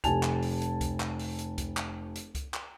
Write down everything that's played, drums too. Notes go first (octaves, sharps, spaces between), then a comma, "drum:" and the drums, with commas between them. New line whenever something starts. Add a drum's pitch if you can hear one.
F1 G#5 A5 F7, drum: kick C#2, hi-hat
drum: clap
drum: open hi-hat
drum: hi-hat
drum: kick C#2, hi-hat
drum: clap
drum: open hi-hat
drum: hi-hat
drum: kick C#2, hi-hat
drum: clap
drum: hi-hat
drum: kick C#2, hi-hat
drum: clap